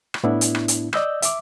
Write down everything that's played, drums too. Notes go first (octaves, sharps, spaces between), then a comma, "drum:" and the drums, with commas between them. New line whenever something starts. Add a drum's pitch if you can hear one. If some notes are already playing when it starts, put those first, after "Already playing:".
drum: rim click
A2 B3 D4 E4
drum: hi-hat
drum: rim click
drum: hi-hat
D5 D#5 E6 G6, drum: rim click
E5 D6, drum: hi-hat